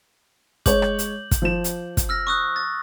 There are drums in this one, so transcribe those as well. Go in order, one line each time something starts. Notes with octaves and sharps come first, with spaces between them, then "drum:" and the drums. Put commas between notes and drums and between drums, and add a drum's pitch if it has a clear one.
G#3 C#5 D6 G6 F#7, drum: kick, hi-hat
drum: rim click
drum: hi-hat
drum: kick, hi-hat
F3 E7
drum: hi-hat
drum: kick, hi-hat
E6 F6 A#6
C#6 D#6 F#6
A6